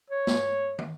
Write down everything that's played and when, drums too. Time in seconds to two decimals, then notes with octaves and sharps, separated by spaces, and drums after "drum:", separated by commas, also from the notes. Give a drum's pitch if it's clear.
0.10 C#5
0.27 drum: snare
0.79 drum: tom